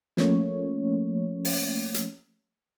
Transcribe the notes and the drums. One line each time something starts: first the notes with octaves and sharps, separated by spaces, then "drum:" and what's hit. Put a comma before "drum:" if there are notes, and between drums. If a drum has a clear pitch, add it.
F3 A3 A#3 C#4 C#5, drum: snare
drum: open hi-hat
drum: hi-hat